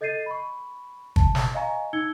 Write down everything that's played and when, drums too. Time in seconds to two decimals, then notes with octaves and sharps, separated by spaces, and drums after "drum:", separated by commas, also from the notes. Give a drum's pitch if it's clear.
0.01 A4 D#5 G6 A6 C7 D#7
0.26 B5 C#6
1.16 A5, drum: kick
1.35 drum: snare
1.54 D#5 F5 G#5 A#5 C#6
1.93 D#4 E6 G#6 C#7 G7